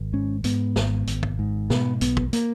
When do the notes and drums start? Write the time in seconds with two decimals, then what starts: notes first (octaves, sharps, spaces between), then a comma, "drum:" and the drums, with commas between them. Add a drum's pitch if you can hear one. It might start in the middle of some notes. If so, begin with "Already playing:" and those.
Already playing: G#1
0.13 G#2 C#4
0.44 G#2 B3, drum: hi-hat
0.76 G#1, drum: snare
1.07 G#1, drum: hi-hat
1.23 drum: kick
1.39 G#2
1.70 B2 B3, drum: snare
2.01 B1 B3, drum: hi-hat
2.17 drum: kick
2.33 A#3, drum: hi-hat